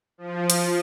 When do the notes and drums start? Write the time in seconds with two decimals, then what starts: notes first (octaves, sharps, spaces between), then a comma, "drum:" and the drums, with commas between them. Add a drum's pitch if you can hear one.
0.18 F3
0.50 drum: hi-hat